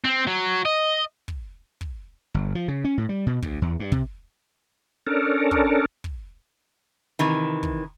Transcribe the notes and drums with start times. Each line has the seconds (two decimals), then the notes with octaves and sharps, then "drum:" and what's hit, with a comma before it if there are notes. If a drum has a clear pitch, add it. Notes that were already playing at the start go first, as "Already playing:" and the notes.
0.04 C4
0.27 F#3
0.65 D#5
1.28 drum: kick
1.81 drum: kick
2.34 G1
2.55 F3
2.68 C#3
2.84 C#4
2.98 A2
3.09 G3
3.26 B2
3.42 D2, drum: kick
3.62 E2
3.80 G2
3.92 C3, drum: kick
5.07 C#4 D4 A4 A#4
5.51 drum: kick
6.04 drum: kick
7.19 C3 D#3 E3
7.63 drum: kick